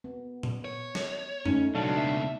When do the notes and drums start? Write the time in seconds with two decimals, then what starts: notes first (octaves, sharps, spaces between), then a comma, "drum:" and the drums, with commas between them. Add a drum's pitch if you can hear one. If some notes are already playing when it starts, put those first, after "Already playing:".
0.04 B3
0.43 drum: tom A#2
0.64 C#5
0.95 drum: snare
1.46 A3 C#4 D#4, drum: tom
1.75 C#2 B2 F#3 D4 A4 F5
1.97 E5